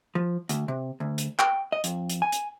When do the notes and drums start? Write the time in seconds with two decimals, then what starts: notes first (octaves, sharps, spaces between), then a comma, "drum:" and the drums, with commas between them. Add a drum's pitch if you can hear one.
0.15 F3
0.49 D2, drum: hi-hat
0.68 C3
1.00 D2
1.18 drum: hi-hat
1.39 G5, drum: clap
1.72 D#5
1.84 F2, drum: hi-hat
2.10 drum: hi-hat
2.22 G#5
2.32 drum: hi-hat